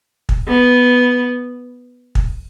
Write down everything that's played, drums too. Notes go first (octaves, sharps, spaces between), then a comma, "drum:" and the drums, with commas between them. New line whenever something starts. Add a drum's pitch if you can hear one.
drum: kick
B3
drum: kick